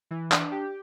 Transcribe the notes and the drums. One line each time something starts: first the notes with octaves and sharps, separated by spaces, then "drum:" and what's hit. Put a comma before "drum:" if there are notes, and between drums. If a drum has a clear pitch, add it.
E3
D4, drum: clap
G4